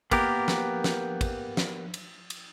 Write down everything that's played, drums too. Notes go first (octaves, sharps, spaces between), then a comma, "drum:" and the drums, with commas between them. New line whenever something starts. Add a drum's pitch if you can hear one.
A#3 B3 G4 A#4, drum: kick, cymbal
drum: snare
drum: snare
drum: kick, cymbal
drum: snare
drum: cymbal
drum: cymbal